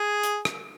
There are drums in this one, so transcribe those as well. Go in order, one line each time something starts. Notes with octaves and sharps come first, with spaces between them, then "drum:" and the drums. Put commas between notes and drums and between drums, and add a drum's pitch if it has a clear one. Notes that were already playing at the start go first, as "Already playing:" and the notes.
Already playing: G#4
drum: hi-hat
drum: rim click